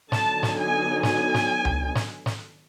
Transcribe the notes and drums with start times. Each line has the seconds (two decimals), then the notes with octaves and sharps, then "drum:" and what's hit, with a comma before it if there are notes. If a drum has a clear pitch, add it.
0.12 D3 F#3 B3 D#4 A5, drum: snare
0.43 drum: snare
0.58 G#5
1.03 G#5, drum: snare
1.34 drum: snare
1.65 drum: tom C#2
1.95 drum: snare
2.26 drum: snare